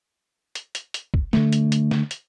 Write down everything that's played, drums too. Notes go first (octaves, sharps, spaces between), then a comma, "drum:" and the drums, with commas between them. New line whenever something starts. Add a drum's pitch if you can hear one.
drum: hi-hat
drum: hi-hat
drum: hi-hat
drum: kick
D3 A3, drum: snare
drum: hi-hat
drum: hi-hat
drum: snare
drum: hi-hat